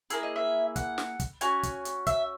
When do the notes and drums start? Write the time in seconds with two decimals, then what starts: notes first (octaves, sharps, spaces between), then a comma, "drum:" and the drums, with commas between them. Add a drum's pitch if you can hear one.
0.10 A#3 E4 G#4 E5, drum: hi-hat
0.23 D#5
0.36 E5
0.76 F#5, drum: kick, hi-hat
0.98 drum: snare
1.20 drum: kick, hi-hat
1.41 C#4 F#4 G#5, drum: hi-hat
1.63 drum: kick, hi-hat
1.85 drum: hi-hat
2.07 E5, drum: kick, hi-hat